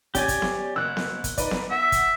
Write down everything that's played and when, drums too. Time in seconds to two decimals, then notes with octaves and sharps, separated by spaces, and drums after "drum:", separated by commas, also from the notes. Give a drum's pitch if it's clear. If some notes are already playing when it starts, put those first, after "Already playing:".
0.15 C#4 G4 D5 G5 G#5, drum: kick, hi-hat
0.28 drum: kick, hi-hat
0.42 drum: snare B3
0.76 F#1 E6 F#6
0.97 drum: snare B3
1.24 drum: kick, hi-hat
1.38 D#4 B4 D5, drum: kick, hi-hat
1.51 drum: snare B3
1.71 E5 F#5 A#6
1.92 drum: kick, hi-hat